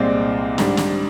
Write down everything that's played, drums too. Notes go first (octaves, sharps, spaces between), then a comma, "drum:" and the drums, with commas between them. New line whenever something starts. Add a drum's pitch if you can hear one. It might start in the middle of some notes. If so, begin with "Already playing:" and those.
Already playing: C2 A#2 G#3 C4 D5
G#2 G3 D4, drum: snare
drum: snare